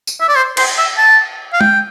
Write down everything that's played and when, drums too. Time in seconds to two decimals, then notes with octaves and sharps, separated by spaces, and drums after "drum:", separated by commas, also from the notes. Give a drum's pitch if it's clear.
0.07 drum: tambourine
0.21 E5
0.29 D5
0.36 C5
0.57 C5, drum: cymbal
0.78 E5
0.98 A5
1.53 F5
1.61 G5, drum: tom G#3